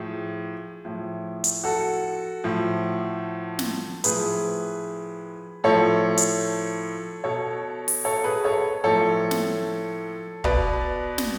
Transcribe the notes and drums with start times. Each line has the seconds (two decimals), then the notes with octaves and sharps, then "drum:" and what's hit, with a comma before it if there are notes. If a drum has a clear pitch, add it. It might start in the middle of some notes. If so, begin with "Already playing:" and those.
Already playing: A2 F3 G#4
0.85 A2 F3
1.44 drum: hi-hat
1.64 F#4 A4
2.44 A2 F3
3.59 drum: snare
4.04 A2 F3 G#4 B4, drum: hi-hat
5.64 A2 F3 A4 C#5
6.17 drum: hi-hat
7.24 B2 A4 C#5
7.88 drum: open hi-hat
8.05 A4 C#5
8.24 G#4 B4
8.44 A4 C#5
8.84 A2 F3 A4 C#5
9.31 drum: snare
10.44 B2 B4 D5, drum: kick
11.18 drum: snare